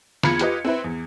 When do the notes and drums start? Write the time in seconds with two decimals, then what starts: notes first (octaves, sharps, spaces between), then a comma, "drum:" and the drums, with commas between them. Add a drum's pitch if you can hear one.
0.23 E2 F4 B5 G#6 C#7, drum: snare
0.39 F4 G4 B4 D#5, drum: hi-hat
0.65 C4 E4 B4
0.84 E2